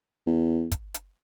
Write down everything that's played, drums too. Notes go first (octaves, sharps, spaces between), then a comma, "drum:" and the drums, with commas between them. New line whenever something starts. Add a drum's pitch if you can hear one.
E2
drum: kick, hi-hat
drum: hi-hat